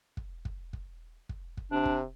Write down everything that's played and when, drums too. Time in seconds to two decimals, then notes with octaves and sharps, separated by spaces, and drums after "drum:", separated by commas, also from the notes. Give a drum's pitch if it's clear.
0.17 drum: kick
0.45 drum: kick
0.73 drum: kick
1.29 drum: kick
1.57 drum: kick
1.71 C3 D4
1.85 drum: kick